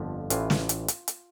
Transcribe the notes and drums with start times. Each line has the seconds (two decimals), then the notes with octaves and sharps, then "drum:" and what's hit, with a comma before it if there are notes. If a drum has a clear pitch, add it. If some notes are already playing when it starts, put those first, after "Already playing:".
Already playing: G1 F2 D3 F3
0.30 A1 A2 E3 F4, drum: hi-hat
0.50 drum: snare
0.69 drum: hi-hat
0.88 drum: hi-hat
1.08 drum: hi-hat